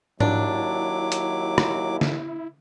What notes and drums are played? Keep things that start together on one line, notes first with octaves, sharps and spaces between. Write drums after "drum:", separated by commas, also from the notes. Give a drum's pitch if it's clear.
D#2 F#3 D4 E4 D6, drum: tom G#2
drum: hi-hat
drum: rim click
drum: snare